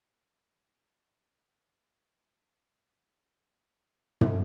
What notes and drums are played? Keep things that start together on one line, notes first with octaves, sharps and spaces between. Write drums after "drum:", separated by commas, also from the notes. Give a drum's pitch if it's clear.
G#4
G4
B1 F2 C4
F6
G5
G5 A#5
E5 A#5
G4
drum: tom